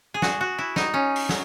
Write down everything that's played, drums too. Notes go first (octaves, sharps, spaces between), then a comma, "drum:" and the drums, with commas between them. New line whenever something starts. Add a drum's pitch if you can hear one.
G#4
F#4, drum: snare
F#4
E4
D#4, drum: snare
C#4
drum: open hi-hat
F#3, drum: snare